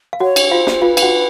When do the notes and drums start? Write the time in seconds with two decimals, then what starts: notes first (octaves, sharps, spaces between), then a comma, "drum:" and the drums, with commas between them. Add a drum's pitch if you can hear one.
0.13 F5
0.20 F#4 C#5 F#5
0.36 drum: cymbal
0.51 F4 C5 F5
0.67 drum: snare
0.81 F4 B4 F5
0.97 F5, drum: cymbal
1.02 F#4 F#5